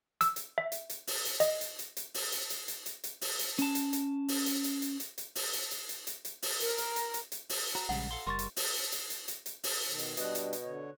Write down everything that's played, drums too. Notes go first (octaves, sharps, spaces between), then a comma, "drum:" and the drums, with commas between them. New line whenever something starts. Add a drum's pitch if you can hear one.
E6, drum: hi-hat
drum: hi-hat
E5
drum: hi-hat
drum: hi-hat
drum: open hi-hat
drum: hi-hat
D#5, drum: hi-hat
drum: hi-hat
drum: hi-hat
drum: hi-hat
drum: open hi-hat
drum: hi-hat
drum: hi-hat
drum: hi-hat
drum: hi-hat
drum: hi-hat
drum: open hi-hat
drum: hi-hat
C#4 A5, drum: hi-hat
drum: hi-hat
drum: hi-hat
drum: open hi-hat
drum: hi-hat
drum: hi-hat
drum: hi-hat
drum: hi-hat
drum: hi-hat
drum: open hi-hat
drum: hi-hat
drum: hi-hat
drum: hi-hat
drum: hi-hat
drum: hi-hat
drum: open hi-hat
A#4, drum: hi-hat
drum: hi-hat
drum: hi-hat
drum: hi-hat
drum: hi-hat
drum: open hi-hat
F#4 A#5
A#1 C#3 G3 G#3 F#5
A4 F5 C6
F#1 G3 A#4 C6 C#6 A6
drum: hi-hat
drum: open hi-hat
drum: hi-hat
drum: hi-hat
drum: hi-hat
drum: hi-hat
drum: open hi-hat
B2 D#3
drum: hi-hat
B2 G3 D4 D#5 F#6, drum: hi-hat
drum: hi-hat
drum: hi-hat
D3 C#5